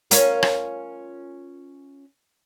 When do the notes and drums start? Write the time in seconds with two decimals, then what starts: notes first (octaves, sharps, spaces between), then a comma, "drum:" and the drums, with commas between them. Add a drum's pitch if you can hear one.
0.11 C#4 F4 A#4, drum: hi-hat
0.43 drum: rim click